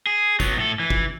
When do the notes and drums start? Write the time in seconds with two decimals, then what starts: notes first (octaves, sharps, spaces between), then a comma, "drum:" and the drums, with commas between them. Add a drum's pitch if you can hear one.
0.06 G#4
0.40 F#3 B3, drum: kick, tambourine
0.57 A2 A4
0.80 E3
0.90 drum: kick